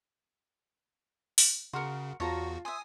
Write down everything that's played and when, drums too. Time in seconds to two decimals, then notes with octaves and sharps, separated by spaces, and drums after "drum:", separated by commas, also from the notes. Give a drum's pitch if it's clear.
1.38 drum: open hi-hat
1.73 C#3 F#4 A#4 C6 F6 C#7
2.20 E2 F4 F#4 C#5 A5 A#5 A#6
2.65 C5 E5 G#5 D#6